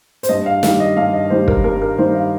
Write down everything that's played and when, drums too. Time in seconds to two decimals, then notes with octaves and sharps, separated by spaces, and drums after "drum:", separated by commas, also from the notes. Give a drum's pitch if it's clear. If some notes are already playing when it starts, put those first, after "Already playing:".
0.23 C5, drum: hi-hat
0.29 G2 D#5
0.46 F5
0.63 D#3 G3 D#4 F5, drum: snare
0.80 D#5
0.97 G2 F5
1.13 D#5
1.30 D#3 G3 D#4 C5
1.48 A#4, drum: kick
1.64 G2 A#4
1.82 A#4
1.98 D#3 G3 D#4 C5
2.15 F5